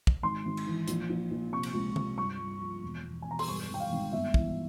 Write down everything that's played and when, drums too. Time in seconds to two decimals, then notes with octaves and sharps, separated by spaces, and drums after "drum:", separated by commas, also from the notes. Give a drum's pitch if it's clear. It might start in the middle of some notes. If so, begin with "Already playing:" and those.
0.07 drum: kick
0.22 G#1 C6
0.45 G#1
0.57 drum: cymbal
0.67 E3
0.88 A#1, drum: hi-hat
1.09 A#1
1.31 A#1
1.52 C3 C#6
1.63 drum: cymbal
1.74 C#2
1.96 C3, drum: tom
2.18 G2 C#6
2.39 G2
2.61 F3
2.82 E1
3.04 E1
3.22 E1 G#5
3.31 A#5
3.39 C6, drum: open hi-hat
3.47 G2 C#6
3.70 G#1 G5
3.80 F5
3.91 G#1
4.12 G1 E5
4.34 E3, drum: kick